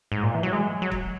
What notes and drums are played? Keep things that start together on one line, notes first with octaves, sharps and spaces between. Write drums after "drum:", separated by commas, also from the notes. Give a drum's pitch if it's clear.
G#2
A#2
E3
F#3
G#3
F#3
drum: kick